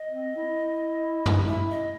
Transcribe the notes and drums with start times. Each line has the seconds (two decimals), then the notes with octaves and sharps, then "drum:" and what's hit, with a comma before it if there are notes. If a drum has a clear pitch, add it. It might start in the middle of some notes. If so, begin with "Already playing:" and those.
Already playing: D#5
0.09 C4
0.36 E4
1.26 drum: tom F#2
1.48 E4 E5
1.70 D#5